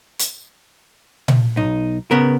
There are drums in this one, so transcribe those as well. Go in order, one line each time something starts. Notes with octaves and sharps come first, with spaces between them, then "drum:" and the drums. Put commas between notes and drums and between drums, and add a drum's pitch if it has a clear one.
drum: hi-hat
drum: tom A#2
B1 D#4
C#3 B3 A#4